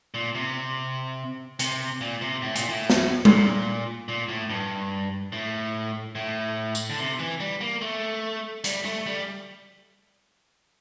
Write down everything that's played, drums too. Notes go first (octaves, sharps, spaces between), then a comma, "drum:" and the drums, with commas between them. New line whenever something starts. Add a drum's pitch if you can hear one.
A#2
C3
C3, drum: hi-hat
A#2
C3
A2
A#2, drum: hi-hat
A2
drum: snare
A#2, drum: tom G3
A#2
A2
G2
A2
A2
drum: tambourine
D3
C3
E3
G3
A#3
A3
G3, drum: hi-hat
A3
G3